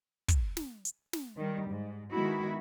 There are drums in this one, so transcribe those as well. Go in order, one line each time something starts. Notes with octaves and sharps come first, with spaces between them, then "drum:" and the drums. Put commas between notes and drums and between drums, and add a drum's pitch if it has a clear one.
drum: kick, hi-hat
drum: snare
drum: hi-hat
drum: snare
D#3 G3
G#2
D#3 G#3 B3 E4 F#4